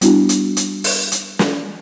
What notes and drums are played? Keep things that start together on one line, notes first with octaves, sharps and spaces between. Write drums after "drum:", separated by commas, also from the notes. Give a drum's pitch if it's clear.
G3 B3 D4 E4 F#4, drum: hi-hat
drum: hi-hat
drum: hi-hat
drum: open hi-hat
drum: hi-hat
drum: snare